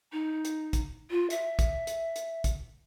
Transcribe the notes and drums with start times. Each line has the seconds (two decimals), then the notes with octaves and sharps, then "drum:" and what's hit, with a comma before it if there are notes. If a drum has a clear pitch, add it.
0.12 D#4
0.45 drum: hi-hat
0.73 drum: kick A1, hi-hat
1.11 F4
1.30 E5, drum: hi-hat
1.59 drum: kick A1, hi-hat
1.87 drum: hi-hat
2.16 drum: hi-hat
2.44 drum: kick A1, hi-hat